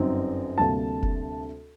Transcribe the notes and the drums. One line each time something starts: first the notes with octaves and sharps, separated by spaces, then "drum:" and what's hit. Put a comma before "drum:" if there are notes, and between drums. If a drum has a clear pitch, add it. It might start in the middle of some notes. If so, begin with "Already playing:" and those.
Already playing: G1 F#2 F#3 C4 D#4
D2 C3 G3 A#3 A5
drum: kick F1